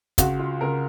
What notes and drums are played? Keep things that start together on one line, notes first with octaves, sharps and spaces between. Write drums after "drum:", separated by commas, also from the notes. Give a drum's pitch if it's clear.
C#2 F#4, drum: kick, hi-hat
F4
C#2 A#4